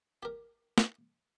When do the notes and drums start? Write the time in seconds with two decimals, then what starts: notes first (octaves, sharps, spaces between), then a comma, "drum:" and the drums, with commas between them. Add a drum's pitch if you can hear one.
0.23 G4 A#4
0.78 drum: snare